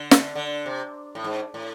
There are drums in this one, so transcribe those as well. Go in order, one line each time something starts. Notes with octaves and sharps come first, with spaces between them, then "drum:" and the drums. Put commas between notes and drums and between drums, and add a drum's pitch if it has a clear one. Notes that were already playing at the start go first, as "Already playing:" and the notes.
Already playing: D3
drum: snare
D3
C3
A2
G#2
A2